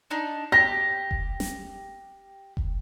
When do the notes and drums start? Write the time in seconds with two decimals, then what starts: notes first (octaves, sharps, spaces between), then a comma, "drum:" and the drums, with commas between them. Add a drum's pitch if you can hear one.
0.11 D4 D#4
0.52 G4 A#6
1.11 drum: kick F1
1.40 drum: snare
2.57 drum: kick F1